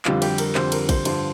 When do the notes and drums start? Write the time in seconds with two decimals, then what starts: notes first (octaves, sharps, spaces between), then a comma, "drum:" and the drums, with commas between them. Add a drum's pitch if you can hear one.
0.05 F2 D3 G3 F4, drum: clap
0.22 G4, drum: cymbal
0.38 A#4, drum: cymbal
0.55 F2 D3 G3 C5, drum: clap
0.72 A#4, drum: cymbal
0.89 C5, drum: kick, cymbal
1.05 G2 D3 F3 C5, drum: cymbal